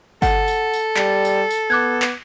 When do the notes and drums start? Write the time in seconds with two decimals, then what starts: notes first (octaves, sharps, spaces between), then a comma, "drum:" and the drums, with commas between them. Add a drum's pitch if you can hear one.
0.22 A4 F#5, drum: kick G1, tambourine
0.48 drum: tambourine
0.73 drum: tambourine
0.96 G3 A6, drum: clap
1.25 drum: tambourine
1.51 drum: tambourine
1.70 B3 D6 F#6 G#6
2.02 drum: clap